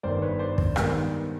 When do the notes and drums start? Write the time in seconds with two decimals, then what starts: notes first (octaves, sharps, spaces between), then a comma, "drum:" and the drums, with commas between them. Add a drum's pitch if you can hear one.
0.03 G1 G2 D#3 C5 D5
0.22 B4 C#5
0.39 C5 D5
0.58 drum: kick
0.76 G2 D#3 G#3 B3, drum: rim click